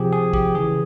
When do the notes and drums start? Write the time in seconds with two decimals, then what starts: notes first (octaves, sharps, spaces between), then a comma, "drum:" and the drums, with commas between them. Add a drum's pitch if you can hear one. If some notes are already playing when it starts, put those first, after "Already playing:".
Already playing: C3 F3 G4 G#4
0.13 G#4
0.33 G4, drum: kick
0.55 C#3 E3 G#4